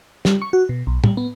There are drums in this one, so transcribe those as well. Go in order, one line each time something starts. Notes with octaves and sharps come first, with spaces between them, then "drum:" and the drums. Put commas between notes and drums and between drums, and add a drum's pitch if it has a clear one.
G3, drum: snare
C#6
F#4
B2
B1
G3, drum: tom
B3